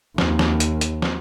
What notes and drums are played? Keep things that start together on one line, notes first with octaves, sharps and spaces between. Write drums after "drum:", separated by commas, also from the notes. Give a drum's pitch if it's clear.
D#2, drum: snare
drum: snare
drum: hi-hat
drum: hi-hat
drum: snare